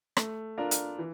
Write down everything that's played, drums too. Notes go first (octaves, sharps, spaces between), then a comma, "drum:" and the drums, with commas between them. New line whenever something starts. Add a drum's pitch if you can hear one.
A3, drum: rim click
D4 F4 A#4
drum: hi-hat
E3